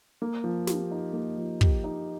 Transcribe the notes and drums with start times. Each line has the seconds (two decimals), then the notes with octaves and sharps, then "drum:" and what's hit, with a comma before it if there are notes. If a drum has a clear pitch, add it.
0.22 A#3
0.44 F3
0.67 G4, drum: snare
0.91 D#4
1.13 A#3
1.38 F3
1.61 G4, drum: kick
1.84 D#4